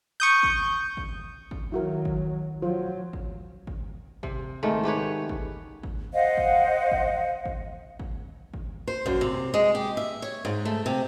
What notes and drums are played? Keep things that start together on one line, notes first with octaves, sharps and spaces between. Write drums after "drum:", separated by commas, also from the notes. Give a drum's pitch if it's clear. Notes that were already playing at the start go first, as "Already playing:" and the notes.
C#6 D#6 G6
drum: kick G#1
drum: kick G#1
drum: kick G#1
D#3 F#3 E4 F#4 A#4
drum: kick G#1
F3 F#3 F4 C5
drum: kick G#1
drum: kick G#1
C3, drum: kick G#1
G#2 D#3 A3
G#2 G4 B4 C#5
drum: kick G#1
drum: kick G#1
C5 D#5 F5 F#5
drum: kick G#1
drum: kick G#1
drum: kick G#1
drum: kick G#1
drum: kick G#1
C5
F#2, drum: kick G#1
C3
G#3
G4
E5
C#5
G#2
A3
C3